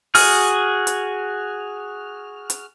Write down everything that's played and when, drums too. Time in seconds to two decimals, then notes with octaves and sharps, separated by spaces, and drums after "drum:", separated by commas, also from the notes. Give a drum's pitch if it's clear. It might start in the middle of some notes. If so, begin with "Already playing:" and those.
0.15 F#4 G#4 F6, drum: open hi-hat
0.87 drum: hi-hat
2.50 drum: hi-hat